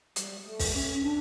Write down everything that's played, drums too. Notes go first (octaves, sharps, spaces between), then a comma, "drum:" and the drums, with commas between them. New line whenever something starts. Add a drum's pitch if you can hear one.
G3, drum: hi-hat
A3
drum: kick, open hi-hat
C#4
D4